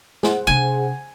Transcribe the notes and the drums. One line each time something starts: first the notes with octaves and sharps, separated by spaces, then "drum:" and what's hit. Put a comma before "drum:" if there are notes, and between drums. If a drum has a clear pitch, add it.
G#4 C5 F#5, drum: snare
C3 D4 G#5